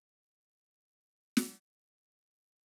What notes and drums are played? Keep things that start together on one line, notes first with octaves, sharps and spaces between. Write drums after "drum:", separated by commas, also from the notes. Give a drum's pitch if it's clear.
D5 F5
drum: snare